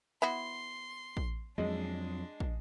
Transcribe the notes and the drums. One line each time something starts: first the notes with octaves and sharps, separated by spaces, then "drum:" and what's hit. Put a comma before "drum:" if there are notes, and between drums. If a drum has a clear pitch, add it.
B3 E4 F#4 C6
drum: kick
F2 F#3 G#3 D4
drum: kick